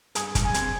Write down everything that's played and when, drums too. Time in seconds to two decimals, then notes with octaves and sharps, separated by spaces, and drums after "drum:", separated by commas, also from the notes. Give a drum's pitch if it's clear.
0.15 G2 G#4 G#5, drum: hi-hat
0.35 G2, drum: kick, hi-hat
0.45 G#4 G#5
0.54 C4, drum: hi-hat